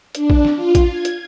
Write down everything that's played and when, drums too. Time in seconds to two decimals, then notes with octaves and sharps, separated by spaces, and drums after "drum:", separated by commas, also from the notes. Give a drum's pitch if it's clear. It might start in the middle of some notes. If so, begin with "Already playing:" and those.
0.15 D4, drum: hi-hat
0.30 drum: kick
0.45 drum: snare
0.55 F4
0.75 drum: kick, hi-hat
0.91 G#6
1.05 drum: hi-hat